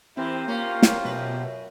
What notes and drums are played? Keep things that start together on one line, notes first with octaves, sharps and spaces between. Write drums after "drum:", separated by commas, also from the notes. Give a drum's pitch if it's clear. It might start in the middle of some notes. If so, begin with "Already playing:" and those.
E3 C4 E4 G4 A#4 C5
A#3 C#4 F4
drum: snare
F#2 B2 B4